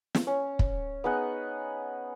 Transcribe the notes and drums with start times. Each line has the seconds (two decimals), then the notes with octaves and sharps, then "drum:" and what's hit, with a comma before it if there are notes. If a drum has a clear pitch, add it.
0.15 drum: snare
0.27 C#4
0.59 drum: kick
1.04 B3 D#4 G#4 F#5